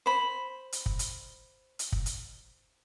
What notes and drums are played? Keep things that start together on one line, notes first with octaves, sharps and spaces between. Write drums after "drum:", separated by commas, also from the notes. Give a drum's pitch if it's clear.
C5 B5
drum: hi-hat
drum: kick
drum: hi-hat
drum: hi-hat
drum: kick
drum: hi-hat